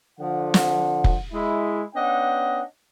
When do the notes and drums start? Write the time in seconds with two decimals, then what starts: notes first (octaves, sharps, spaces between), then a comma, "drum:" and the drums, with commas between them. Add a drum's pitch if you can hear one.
0.20 D3 F3 F#5
0.54 drum: snare
1.04 drum: kick F1
1.32 G#3 E4
1.95 B3 C#4 D4 D#5 F#5 G5